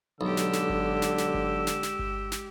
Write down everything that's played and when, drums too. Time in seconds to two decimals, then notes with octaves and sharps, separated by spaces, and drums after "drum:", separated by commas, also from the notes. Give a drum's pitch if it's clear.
0.21 B1 D3 G#3 G4 E6
0.37 drum: snare
0.53 drum: snare
0.69 drum: kick G1
1.02 drum: snare
1.18 drum: snare
1.34 drum: kick G1
1.67 drum: snare
1.83 drum: snare
1.99 drum: kick G1
2.32 drum: snare